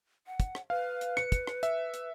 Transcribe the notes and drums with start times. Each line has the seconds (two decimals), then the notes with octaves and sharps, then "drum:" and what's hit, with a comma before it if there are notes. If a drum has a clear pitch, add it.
0.27 F#5
0.40 drum: kick, hi-hat
0.55 drum: rim click
0.70 B4 F5
1.01 drum: hi-hat
1.17 C#7, drum: rim click
1.32 drum: kick, hi-hat
1.47 drum: rim click
1.63 E5, drum: hi-hat
1.94 drum: hi-hat